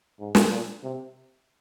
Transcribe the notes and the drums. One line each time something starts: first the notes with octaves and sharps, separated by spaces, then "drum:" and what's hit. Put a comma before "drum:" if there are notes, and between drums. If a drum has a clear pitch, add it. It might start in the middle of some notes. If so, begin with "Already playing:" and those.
G#2
drum: snare
A#2
C3